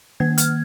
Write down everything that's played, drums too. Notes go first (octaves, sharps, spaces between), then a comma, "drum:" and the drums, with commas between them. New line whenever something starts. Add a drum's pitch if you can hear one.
D#3 A#3 G#6
F6, drum: hi-hat